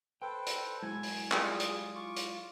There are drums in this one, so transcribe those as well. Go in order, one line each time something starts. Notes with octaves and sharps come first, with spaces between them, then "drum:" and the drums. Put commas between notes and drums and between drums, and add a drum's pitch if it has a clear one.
A4 B4 C5 G5
drum: hi-hat
F#3 G#3 E4 G#5
drum: open hi-hat
G3 F4 G#4, drum: clap
drum: hi-hat
F4 C#6 D6
drum: hi-hat